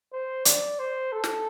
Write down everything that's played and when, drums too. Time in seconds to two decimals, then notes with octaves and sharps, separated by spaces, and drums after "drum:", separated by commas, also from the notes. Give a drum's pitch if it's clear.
0.13 C5
0.45 D5, drum: hi-hat
0.80 C5
1.12 A4
1.24 drum: snare